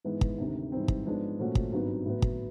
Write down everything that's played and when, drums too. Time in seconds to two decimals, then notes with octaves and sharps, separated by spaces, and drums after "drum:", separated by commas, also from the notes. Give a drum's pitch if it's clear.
0.04 G#2 E3 G#3 B3
0.21 drum: kick
0.38 D2 C3 D#3
0.72 G#2 E3 G3 C4
0.88 drum: kick
1.05 G#2 F3 G#3 B3 D4
1.39 A#2 F3 A3 C#4 F#4
1.55 drum: kick
1.72 G#1 G2 D#3 F#3 B3
2.06 A2 F#3 B3
2.22 drum: kick